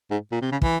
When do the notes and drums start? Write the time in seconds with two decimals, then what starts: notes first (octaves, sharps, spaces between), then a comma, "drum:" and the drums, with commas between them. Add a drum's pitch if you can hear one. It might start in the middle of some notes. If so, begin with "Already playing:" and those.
0.11 G#2
0.32 A#2
0.41 C3
0.52 C#3
0.62 E3, drum: kick